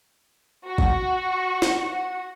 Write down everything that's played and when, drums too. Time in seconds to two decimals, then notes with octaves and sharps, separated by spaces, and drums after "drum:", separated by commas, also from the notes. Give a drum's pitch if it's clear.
0.66 F#4 C#6
0.78 drum: kick
1.62 drum: snare
1.90 F#5